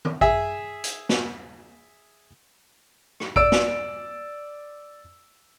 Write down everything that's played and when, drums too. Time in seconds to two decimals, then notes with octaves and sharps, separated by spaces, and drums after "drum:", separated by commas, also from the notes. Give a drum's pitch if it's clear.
0.05 drum: tom D#3
0.21 G#4 E5, drum: kick A1
0.84 drum: hi-hat
1.09 drum: snare
3.20 drum: rim click
3.36 D5 E6 D7, drum: kick A1
3.52 drum: snare